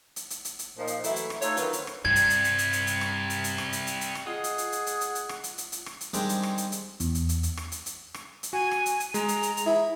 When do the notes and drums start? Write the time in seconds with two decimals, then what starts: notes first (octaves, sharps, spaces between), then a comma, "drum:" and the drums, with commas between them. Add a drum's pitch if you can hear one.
0.16 drum: hi-hat
0.30 drum: hi-hat
0.45 drum: hi-hat
0.59 drum: hi-hat
0.78 A#2 F3 D#4
0.87 drum: hi-hat
1.04 E3 F#3 A3 E4, drum: hi-hat
1.16 drum: hi-hat
1.30 drum: rim click
1.42 A3 D#4 F4 A4 C#5, drum: hi-hat
1.57 D3 D#3 F#3 C4 F4 B4, drum: hi-hat
1.73 drum: hi-hat
1.87 drum: rim click
2.05 G2 C3 G3 G#6
2.16 drum: hi-hat
2.30 drum: hi-hat
2.44 drum: hi-hat
2.58 drum: hi-hat
2.73 drum: hi-hat
2.87 drum: hi-hat
3.01 drum: rim click
3.30 drum: hi-hat
3.44 drum: hi-hat
3.58 drum: rim click
3.73 drum: hi-hat
3.87 drum: hi-hat
4.01 drum: hi-hat
4.15 drum: rim click
4.26 F4 G#4 D#5 F#5
4.44 drum: hi-hat
4.58 drum: hi-hat
4.72 drum: hi-hat
4.87 drum: hi-hat
5.01 drum: hi-hat
5.15 drum: hi-hat
5.29 drum: rim click
5.44 drum: hi-hat
5.58 drum: hi-hat
5.72 drum: hi-hat
5.86 drum: rim click
6.01 drum: hi-hat
6.14 D#3 G3 G#3 C4 D4, drum: hi-hat
6.29 drum: hi-hat
6.43 drum: rim click
6.58 drum: hi-hat
6.72 drum: hi-hat
7.00 E2, drum: hi-hat
7.15 drum: hi-hat
7.29 drum: hi-hat
7.43 drum: hi-hat
7.57 drum: rim click
7.72 drum: hi-hat
7.86 drum: hi-hat
8.14 drum: rim click
8.43 drum: hi-hat
8.53 F#4 G#5
8.71 drum: rim click
8.86 drum: hi-hat
9.00 drum: hi-hat
9.14 G#3 A#5, drum: hi-hat
9.28 drum: hi-hat
9.43 drum: hi-hat
9.57 drum: hi-hat
9.66 E4 G#4